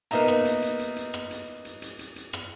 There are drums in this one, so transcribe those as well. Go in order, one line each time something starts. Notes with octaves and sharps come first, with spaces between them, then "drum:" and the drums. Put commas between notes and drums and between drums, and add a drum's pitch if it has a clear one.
A#3 B3 D#4 D#5 E5 A#5, drum: hi-hat
drum: rim click
drum: hi-hat
drum: hi-hat
drum: hi-hat
drum: hi-hat
drum: rim click
drum: hi-hat
drum: hi-hat
drum: hi-hat
drum: hi-hat
drum: hi-hat
drum: rim click